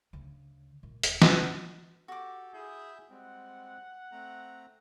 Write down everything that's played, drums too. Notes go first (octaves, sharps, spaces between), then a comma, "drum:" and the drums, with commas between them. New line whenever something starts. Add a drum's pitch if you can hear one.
D2 C#3
A#2 G#3
E1 D#2, drum: hi-hat
A1, drum: snare
D#3
F#4 G4 A4 D6
E4 G#4 E5 G6
G3 G#3 C4 F#5
A3 C4 A#5